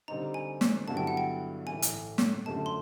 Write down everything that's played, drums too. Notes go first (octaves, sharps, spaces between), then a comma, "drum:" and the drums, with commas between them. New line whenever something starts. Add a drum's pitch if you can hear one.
D3 G3 C4 D#4 A#5
G#5
drum: snare
G2 D3 F#3 B3 E4 A5
G5
F#5
G5
A2 E3 A3 G#5
drum: hi-hat
drum: snare
F#2 D3 F3 A3 C#4 A5
C6